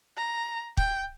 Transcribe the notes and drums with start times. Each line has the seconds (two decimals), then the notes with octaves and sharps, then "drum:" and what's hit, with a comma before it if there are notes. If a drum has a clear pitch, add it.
0.17 A#5
0.77 G5, drum: kick